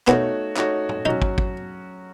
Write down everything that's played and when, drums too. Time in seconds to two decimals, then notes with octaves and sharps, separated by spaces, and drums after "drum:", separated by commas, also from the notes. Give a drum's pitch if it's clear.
0.07 A3 B3 D#4 F#4 C#5, drum: clap
0.57 A3 D#4 F#4 C#5, drum: clap
0.89 drum: tom
1.05 F#3 C#4 D#4 F#4
1.22 drum: kick
1.38 drum: kick